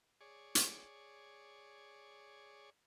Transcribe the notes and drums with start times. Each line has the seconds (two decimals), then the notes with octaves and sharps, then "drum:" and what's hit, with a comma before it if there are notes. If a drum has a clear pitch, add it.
0.21 G#4 C#5 D5
0.55 drum: hi-hat